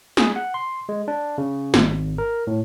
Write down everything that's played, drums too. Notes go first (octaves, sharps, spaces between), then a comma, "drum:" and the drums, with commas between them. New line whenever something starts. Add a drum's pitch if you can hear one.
G#4, drum: snare
F#5
C6
G#3
D4
C#3
G#1, drum: snare
A#4
A2